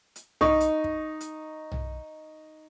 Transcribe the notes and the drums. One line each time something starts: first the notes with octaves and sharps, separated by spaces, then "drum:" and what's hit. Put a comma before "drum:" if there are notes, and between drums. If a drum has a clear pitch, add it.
drum: hi-hat
D#4 C#6, drum: tom
drum: hi-hat
drum: kick
drum: hi-hat
drum: tom